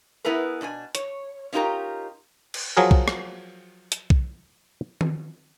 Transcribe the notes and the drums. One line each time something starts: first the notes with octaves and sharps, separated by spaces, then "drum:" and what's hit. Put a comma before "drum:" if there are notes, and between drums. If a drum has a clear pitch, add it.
B3 E4 G#4 A#4 B4
B2 D4 C5 G#5
C#5, drum: hi-hat
C#4 D#4 F4 G4 A#4 A#5
drum: cymbal
F3 F#3 G#4 A#4
drum: kick B1
drum: rim click
drum: hi-hat
drum: kick B1
drum: tom D#3